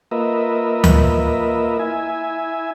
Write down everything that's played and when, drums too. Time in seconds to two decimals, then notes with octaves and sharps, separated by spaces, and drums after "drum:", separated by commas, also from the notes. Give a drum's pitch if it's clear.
0.11 A#3 F4 A#4 B4 D#5 E5
0.84 drum: tom D2
1.79 E4 E5 G#5